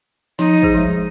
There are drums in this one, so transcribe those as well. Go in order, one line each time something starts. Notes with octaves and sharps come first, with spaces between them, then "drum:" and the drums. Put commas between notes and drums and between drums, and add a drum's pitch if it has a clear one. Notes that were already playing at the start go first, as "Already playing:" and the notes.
F3 D#4, drum: snare
G#4 C5, drum: kick
F3 G#3